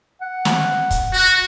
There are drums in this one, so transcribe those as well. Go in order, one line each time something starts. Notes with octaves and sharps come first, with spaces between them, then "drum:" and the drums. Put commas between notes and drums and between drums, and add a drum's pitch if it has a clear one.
F#5
drum: snare
drum: kick, hi-hat
F#4